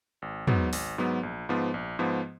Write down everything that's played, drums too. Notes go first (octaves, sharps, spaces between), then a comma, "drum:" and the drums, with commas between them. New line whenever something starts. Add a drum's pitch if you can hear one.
G#1
G#2 F#3 B3, drum: tom
G#1, drum: open hi-hat
G#2 F#3 B3
A#1
G#2 F3 B3
A#1
G#2 F3 B3